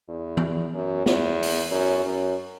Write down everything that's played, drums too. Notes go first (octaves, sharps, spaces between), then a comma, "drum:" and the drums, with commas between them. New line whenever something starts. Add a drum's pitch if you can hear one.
E2
drum: tom E3
F#2
E2, drum: snare
drum: open hi-hat
F#2
F#2